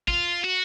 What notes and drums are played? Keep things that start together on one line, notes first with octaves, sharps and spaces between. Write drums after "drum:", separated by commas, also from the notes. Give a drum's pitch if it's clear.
F4, drum: kick
F#4